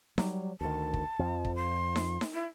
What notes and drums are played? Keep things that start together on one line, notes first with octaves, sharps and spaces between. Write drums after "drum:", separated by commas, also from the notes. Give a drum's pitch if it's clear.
F#3 G3, drum: snare D#4
D2 D#3 A5
drum: kick
F2 F3
drum: kick
C6
drum: snare D#4
drum: snare D#4
E4